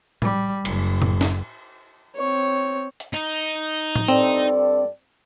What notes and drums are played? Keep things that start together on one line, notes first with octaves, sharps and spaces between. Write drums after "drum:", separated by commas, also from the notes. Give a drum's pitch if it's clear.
G3, drum: tom A2
F#1, drum: cymbal
drum: tom A2
drum: snare
C4 C#5
drum: hi-hat
D#4
drum: tom A2
G2 C4 A4 D5